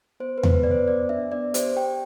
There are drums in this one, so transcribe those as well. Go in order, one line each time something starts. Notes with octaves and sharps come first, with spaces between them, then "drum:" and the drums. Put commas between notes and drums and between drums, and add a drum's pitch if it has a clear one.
B3 C5
B4
B3, drum: tom E2
B4
B3 D5
C5
B3 D5
D4 E5
B3 D5
G4 C5, drum: hi-hat
G4 G5